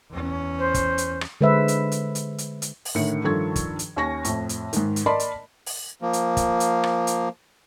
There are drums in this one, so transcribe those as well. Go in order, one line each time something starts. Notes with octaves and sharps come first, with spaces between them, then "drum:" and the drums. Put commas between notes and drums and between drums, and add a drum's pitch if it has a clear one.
E2 C#4
C5
drum: kick, hi-hat
drum: hi-hat
drum: rim click
D3 G#3 B4 C5 E5
drum: hi-hat
drum: hi-hat
drum: hi-hat
drum: hi-hat
drum: hi-hat
drum: open hi-hat
A2 D3 D#3 C#7
G2 D#3 F3 A4 C#6 G#6
drum: kick, hi-hat
drum: hi-hat
D#2 C#4 C#6 A#6
F2 A2, drum: hi-hat
drum: hi-hat
G#2 D#3, drum: hi-hat
drum: hi-hat
A#4 D5 D#5 A5 B5 C6
drum: hi-hat
drum: open hi-hat
F3 A#3
drum: hi-hat
drum: kick, hi-hat
drum: hi-hat
drum: rim click
drum: hi-hat